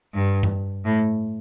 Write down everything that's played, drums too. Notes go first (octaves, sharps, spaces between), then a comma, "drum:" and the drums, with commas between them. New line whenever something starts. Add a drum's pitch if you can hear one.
G2
drum: tom G2
A2